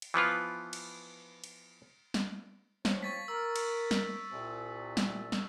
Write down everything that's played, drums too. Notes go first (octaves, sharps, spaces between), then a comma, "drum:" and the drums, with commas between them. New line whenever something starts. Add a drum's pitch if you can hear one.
drum: cymbal
E3 F3 B3 F4
drum: cymbal
drum: cymbal
drum: snare
F3 C4 C#5, drum: snare
C#6 A6 B6
A#4 E6
drum: cymbal
drum: snare
C2 A#2
drum: snare
drum: snare